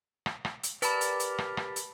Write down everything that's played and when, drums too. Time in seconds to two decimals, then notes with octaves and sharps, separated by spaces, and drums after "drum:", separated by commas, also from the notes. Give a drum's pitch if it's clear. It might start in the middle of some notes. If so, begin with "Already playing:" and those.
0.26 drum: rim click
0.45 drum: rim click
0.63 drum: hi-hat
0.82 G4 A#4 B4 D5 A5 B5, drum: hi-hat
1.01 drum: hi-hat
1.20 drum: hi-hat
1.38 drum: rim click
1.57 drum: rim click
1.76 drum: hi-hat